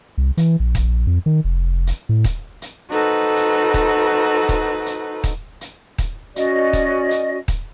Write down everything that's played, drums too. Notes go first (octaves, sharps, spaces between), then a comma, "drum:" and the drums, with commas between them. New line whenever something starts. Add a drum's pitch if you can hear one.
C2
E3, drum: hi-hat
A#1
drum: kick D#1, hi-hat
F2
D#3
F1
drum: hi-hat
A2
drum: kick D#1, hi-hat
drum: hi-hat
D#4 F#4 A4 B4 C5
drum: hi-hat
drum: kick D#1, hi-hat
drum: kick D#1, hi-hat
drum: hi-hat
drum: kick D#1, hi-hat
drum: hi-hat
drum: kick D#1, hi-hat
C#4 F#4 D5 D#5, drum: hi-hat
drum: kick D#1, hi-hat
drum: hi-hat
drum: kick D#1, hi-hat